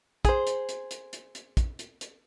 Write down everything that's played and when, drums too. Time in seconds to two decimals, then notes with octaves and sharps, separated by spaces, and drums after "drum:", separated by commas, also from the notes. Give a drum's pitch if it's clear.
0.25 G#4 C5, drum: kick, hi-hat
0.47 drum: hi-hat
0.69 drum: hi-hat
0.91 drum: hi-hat
1.13 drum: hi-hat
1.35 drum: hi-hat
1.57 drum: kick, hi-hat
1.79 drum: hi-hat
2.01 drum: hi-hat